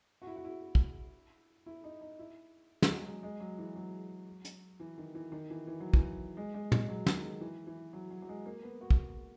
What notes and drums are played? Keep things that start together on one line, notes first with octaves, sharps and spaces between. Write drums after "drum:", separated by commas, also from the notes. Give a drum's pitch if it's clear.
F#4
E4
F#4
E4
drum: kick
E4
D#4
D#4
E4
G#3, drum: snare
F#3
F#3
G#3
G#3
F#3
E3
F#3
drum: hi-hat
E3
D#3
E3
D#3
E3
E3
F#3
E3, drum: kick
G#3
G#3
G#3, drum: tom
F#3
D#3, drum: snare
D#3
E3
E3
F#3
F#3
F#3
G#3
A#3
B3
F#4
drum: kick